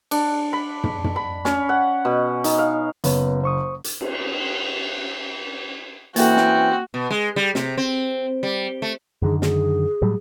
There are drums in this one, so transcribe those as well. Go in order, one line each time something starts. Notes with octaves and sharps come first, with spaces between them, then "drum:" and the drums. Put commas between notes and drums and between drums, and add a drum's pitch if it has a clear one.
D4, drum: cymbal
B5
drum: tom
drum: tom
B5
C#4, drum: snare
F#5
B2
D#4, drum: hi-hat
F5
F#1 B3 B4 C#5, drum: hi-hat
C5 C#6 D#6
drum: hi-hat
drum: cymbal
E3 A#3 C4 C#4 F#4 A4 G5, drum: hi-hat
drum: snare
B2
G#3
G3
C3, drum: snare
C4
G3
A3
F#2 D3 D#3 G#4
G#4, drum: snare
A2 F#3 G3